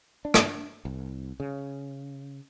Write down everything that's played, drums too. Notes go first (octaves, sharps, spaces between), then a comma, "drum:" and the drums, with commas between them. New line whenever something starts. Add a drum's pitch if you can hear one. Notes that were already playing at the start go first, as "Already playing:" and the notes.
D4
drum: rim click
C2
C#3